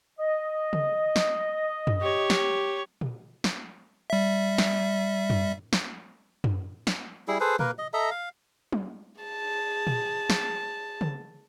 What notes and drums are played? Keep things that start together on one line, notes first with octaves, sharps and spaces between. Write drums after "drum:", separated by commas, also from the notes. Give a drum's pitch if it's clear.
D#5
drum: tom C#3
drum: snare
drum: tom F#2
G4 C#5
drum: snare
drum: tom A#2
drum: snare
G3 E5
drum: snare
drum: tom F#2
drum: snare
drum: tom F#2
drum: snare
G3 E4 G#4
G#4 A4 B4 C5
A#3 A#4 B4, drum: tom A#2
D#5
A4 D#5 E5 A#5
F5
drum: tom
G#4 A5
drum: tom A#2
drum: snare
drum: tom C#3